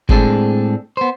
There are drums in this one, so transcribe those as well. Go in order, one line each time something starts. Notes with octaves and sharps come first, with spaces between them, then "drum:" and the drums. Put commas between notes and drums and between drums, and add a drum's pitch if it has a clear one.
A2 G#3 C4 D4 G#4 A4, drum: kick G1
B3 C5